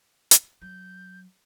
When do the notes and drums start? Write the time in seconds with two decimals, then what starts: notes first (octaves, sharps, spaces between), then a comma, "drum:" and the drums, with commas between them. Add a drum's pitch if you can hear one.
0.31 drum: hi-hat
0.62 F#3 G6